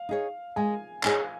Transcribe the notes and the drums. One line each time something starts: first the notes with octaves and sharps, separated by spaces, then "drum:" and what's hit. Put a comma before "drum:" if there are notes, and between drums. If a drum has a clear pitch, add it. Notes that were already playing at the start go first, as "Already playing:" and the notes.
Already playing: F5
D#4 G#4 C#5
G#3 G#5
D#4 G#4 C#5 G#5, drum: clap